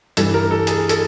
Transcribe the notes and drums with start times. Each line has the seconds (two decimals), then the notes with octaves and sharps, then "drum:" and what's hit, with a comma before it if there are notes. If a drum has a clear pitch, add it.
0.17 G2 E3 A4, drum: hi-hat
0.34 A#4
0.51 A4
0.67 G#4, drum: hi-hat
0.89 A4, drum: hi-hat